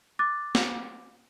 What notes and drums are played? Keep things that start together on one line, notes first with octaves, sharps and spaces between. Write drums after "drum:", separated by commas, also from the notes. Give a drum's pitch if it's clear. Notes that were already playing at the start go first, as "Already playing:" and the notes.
D6 F#6 A6
drum: snare